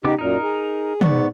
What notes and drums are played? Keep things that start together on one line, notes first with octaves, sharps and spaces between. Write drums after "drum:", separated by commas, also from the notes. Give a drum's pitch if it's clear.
C#3 B3 D#4 G4 D6
F#2 A#2 D#4 A#4
G#4
G#2 B3 D5 C#6, drum: tom